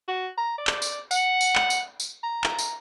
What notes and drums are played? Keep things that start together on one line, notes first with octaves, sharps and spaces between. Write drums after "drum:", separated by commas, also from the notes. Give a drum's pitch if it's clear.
F#4
A#5
D5
drum: clap
drum: tambourine
F#5, drum: tambourine
drum: tambourine
drum: clap
drum: tambourine
drum: tambourine
A#5
drum: clap
drum: tambourine